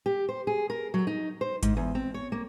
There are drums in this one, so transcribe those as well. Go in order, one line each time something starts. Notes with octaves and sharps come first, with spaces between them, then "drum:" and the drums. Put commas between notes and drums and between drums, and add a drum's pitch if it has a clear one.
G4
C5
G#4
A#4
F#3
D#4
C5
G#2, drum: kick G#1, hi-hat
E2
C4
C#5
A#3